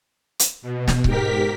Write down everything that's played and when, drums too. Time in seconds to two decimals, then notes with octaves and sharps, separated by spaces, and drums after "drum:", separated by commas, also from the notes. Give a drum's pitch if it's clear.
0.39 drum: hi-hat
0.62 B2
0.88 drum: snare
1.04 G#2 G4 A#4 B6, drum: kick C#1